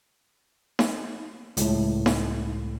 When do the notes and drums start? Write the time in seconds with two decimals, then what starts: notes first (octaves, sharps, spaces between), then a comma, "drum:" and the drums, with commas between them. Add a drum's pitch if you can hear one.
0.79 drum: snare D#4
1.57 C#2 A2, drum: hi-hat
2.06 drum: snare D#4